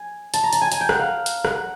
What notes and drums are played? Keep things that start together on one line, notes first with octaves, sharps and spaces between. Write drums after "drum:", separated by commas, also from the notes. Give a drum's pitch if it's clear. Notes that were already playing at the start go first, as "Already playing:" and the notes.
Already playing: G#5
A5, drum: hi-hat
A#5
A5, drum: hi-hat
G#5
G#5, drum: hi-hat
G5
F#5, drum: rim click
F5
drum: hi-hat
F#5, drum: rim click